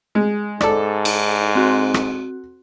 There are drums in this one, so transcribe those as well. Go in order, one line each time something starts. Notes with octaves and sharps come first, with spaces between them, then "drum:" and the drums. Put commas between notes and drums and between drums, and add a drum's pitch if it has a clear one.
G#3
G#2 A4 D5, drum: rim click
drum: cymbal
C4 F#4
drum: rim click